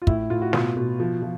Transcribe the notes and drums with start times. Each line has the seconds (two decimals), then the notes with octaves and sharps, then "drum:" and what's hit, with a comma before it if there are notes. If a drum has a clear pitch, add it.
0.02 F4
0.07 A2 E4, drum: kick
0.30 A2 F4
0.42 F#4
0.53 B2 F4, drum: snare
0.77 B2
1.00 F3
1.22 F3